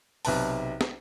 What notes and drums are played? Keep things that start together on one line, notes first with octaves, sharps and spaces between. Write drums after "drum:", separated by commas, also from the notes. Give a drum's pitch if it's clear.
B1 C3 B4 A5, drum: open hi-hat
drum: snare